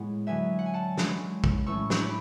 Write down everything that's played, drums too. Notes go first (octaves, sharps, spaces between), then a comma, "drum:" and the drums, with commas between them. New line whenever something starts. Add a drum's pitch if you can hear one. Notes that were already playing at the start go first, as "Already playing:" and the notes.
Already playing: A2 G#3 B3 C#5 F#5
D3 F#3 B3 E5 G#5
F#5
G#5
F#5 A5
E3 G#3 C#4, drum: snare
drum: kick
A2 E3 A3 C#4 C#6 E6
drum: snare
B5 D6